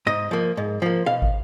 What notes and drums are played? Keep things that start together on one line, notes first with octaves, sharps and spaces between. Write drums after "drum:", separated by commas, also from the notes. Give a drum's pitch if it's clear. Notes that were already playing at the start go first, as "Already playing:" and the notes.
G#2 D#5
F3 A#3
G#2
F3 A#3
B2 F5
drum: kick